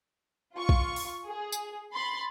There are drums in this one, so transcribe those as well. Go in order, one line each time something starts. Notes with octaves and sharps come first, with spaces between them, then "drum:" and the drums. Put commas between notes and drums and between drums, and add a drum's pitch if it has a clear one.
F4 C#6
drum: kick
drum: open hi-hat
G#4
drum: tambourine
B5 C6 A6